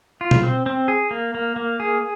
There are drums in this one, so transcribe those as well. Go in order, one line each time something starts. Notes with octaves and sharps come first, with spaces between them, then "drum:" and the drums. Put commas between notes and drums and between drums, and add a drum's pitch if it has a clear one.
F4
drum: tom B2
C4
C4
G#4
A#3
A#3
A#3
G#4